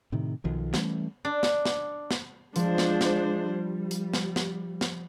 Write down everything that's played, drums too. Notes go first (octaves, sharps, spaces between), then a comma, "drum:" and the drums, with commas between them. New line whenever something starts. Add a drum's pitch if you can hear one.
A2 C3 D#3
B1 D#3 F3
E3 G3 A3 C#4, drum: snare
D4
drum: snare
drum: snare
drum: snare
F3 G#3 D4 C5, drum: hi-hat
drum: snare
drum: snare
G3
drum: hi-hat
drum: snare
drum: snare
drum: snare